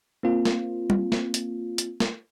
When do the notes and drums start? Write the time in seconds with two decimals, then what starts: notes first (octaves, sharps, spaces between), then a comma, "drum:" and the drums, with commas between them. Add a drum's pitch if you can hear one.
0.23 A#3 C4 F4
0.45 drum: snare
0.90 drum: tom
1.12 drum: snare
1.34 drum: hi-hat
1.78 drum: hi-hat
2.00 drum: snare